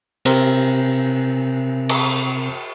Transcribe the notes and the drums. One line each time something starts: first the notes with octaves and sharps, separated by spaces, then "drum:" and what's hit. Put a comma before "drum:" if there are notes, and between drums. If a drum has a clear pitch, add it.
C3 C4 A#4, drum: cymbal
drum: cymbal